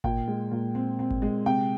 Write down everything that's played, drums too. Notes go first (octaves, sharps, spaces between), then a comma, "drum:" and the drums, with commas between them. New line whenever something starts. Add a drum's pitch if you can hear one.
A#2 G5, drum: kick G#1
G#3
A#2
C4
C4
drum: kick G#1
G#3
C3 G5